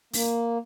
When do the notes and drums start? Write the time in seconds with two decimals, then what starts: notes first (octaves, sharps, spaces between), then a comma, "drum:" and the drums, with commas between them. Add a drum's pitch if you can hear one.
0.13 A#3, drum: open hi-hat